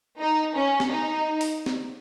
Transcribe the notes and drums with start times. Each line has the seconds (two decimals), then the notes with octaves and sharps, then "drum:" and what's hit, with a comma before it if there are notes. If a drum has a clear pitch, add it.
0.21 D#4
0.55 C#4
0.80 drum: snare
0.90 D#4
1.41 drum: open hi-hat
1.66 drum: snare